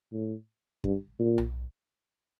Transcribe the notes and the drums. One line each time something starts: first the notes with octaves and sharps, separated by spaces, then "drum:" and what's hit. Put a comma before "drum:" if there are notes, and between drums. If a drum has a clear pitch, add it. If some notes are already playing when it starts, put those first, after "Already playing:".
A2
G2, drum: kick
A#2
drum: tom B1